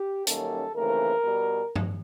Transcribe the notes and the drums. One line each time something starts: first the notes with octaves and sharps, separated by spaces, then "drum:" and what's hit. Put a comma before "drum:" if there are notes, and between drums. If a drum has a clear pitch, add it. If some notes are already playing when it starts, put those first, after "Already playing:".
Already playing: G4
F#2 D#3 G3 A#3 C#4 A4, drum: hi-hat
D#2 C#3 E3 A3 C4 A#4
B2 G3
drum: tom G2